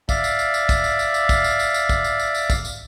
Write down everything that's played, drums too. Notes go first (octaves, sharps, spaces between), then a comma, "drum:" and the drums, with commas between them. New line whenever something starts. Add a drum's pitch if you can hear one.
D5 E5 F5, drum: kick, tambourine
drum: tambourine
drum: tambourine
drum: tambourine
drum: kick, tambourine
drum: tambourine
drum: tambourine
drum: tambourine
drum: kick, tambourine
drum: tambourine
drum: tambourine
drum: tambourine
drum: kick, tambourine
drum: tambourine
drum: tambourine
drum: tambourine
drum: kick, tambourine
drum: tambourine